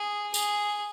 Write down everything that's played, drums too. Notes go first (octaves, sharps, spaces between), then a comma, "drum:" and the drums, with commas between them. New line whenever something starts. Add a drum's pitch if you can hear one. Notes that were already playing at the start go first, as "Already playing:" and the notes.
Already playing: G#4
G#4, drum: tambourine